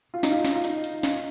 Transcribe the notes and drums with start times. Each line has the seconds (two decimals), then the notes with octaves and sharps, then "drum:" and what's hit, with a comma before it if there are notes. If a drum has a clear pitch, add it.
0.14 F4
0.23 D#4, drum: snare
0.31 F4
0.45 drum: snare
0.55 F4
0.64 D#4, drum: hi-hat
0.84 drum: hi-hat
1.03 drum: snare